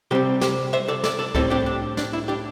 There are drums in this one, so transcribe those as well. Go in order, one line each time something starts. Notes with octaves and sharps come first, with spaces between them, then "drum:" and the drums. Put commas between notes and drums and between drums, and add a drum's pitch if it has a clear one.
C3 G3 C4 G4 C5
G4 C5, drum: snare
C5 E5
A4 D5
A4 D5, drum: snare
A4 D5
A2 G3 C4 E4 A4, drum: kick C#2
D4 G4
D4
D4, drum: snare
E4
D4 G4